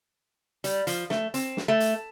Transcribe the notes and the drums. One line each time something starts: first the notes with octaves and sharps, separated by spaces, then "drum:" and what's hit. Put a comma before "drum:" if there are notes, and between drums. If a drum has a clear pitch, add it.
G3, drum: hi-hat
F3, drum: hi-hat
A3, drum: snare
C4, drum: hi-hat
drum: snare
A3
drum: hi-hat